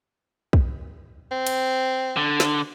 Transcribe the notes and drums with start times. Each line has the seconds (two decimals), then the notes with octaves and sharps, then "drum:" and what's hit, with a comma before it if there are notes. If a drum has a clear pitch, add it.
0.53 drum: kick
1.31 C4
1.47 drum: cymbal
2.17 D3
2.40 drum: snare